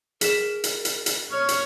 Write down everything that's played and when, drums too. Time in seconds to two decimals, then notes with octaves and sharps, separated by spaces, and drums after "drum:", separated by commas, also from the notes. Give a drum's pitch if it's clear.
0.21 G#4 A#4 B6 E7, drum: hi-hat
0.64 drum: hi-hat
0.85 drum: hi-hat
1.06 drum: hi-hat
1.31 C#5 F6
1.49 drum: hi-hat